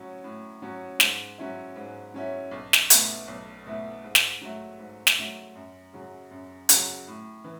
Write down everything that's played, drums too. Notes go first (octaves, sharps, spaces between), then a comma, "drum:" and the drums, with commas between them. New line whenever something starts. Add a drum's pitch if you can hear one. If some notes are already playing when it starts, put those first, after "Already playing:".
Already playing: A2 F#3 C#4
A2
F#3 C#4
G#2, drum: snare
F#3 C#4 E4
G#2
F#3 C#4 E4
B1
drum: snare
B2 A3 E4, drum: hi-hat
B1
B2 A3 E4
G#2
drum: snare
F#3 A3
G#2
drum: snare
F#3 A3
F#2
C#3 F#3
F#2
C#3 F#3, drum: hi-hat
A2
E3